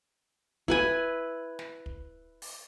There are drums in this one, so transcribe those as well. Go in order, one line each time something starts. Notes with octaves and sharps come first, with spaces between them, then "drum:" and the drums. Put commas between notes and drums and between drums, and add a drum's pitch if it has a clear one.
E4 B4 G#5, drum: kick
drum: snare
drum: kick
drum: open hi-hat